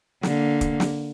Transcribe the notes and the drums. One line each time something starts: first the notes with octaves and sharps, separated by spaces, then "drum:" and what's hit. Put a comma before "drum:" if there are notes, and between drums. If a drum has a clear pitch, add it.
D3 A#3, drum: snare
drum: kick, hi-hat
drum: snare